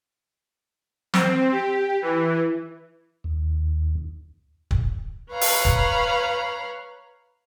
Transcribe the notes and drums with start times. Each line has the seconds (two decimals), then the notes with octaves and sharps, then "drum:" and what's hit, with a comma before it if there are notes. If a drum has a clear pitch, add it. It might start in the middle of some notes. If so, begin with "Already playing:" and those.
1.14 C4, drum: snare
1.52 G4
2.02 E3
3.24 D#2
4.71 drum: kick
5.31 B4 C#5 F5 A#5 B5
5.41 drum: open hi-hat
5.65 drum: kick